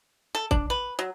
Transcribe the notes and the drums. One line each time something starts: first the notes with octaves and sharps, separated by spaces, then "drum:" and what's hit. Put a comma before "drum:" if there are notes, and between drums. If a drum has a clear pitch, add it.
A4
D4, drum: kick
B4
F#3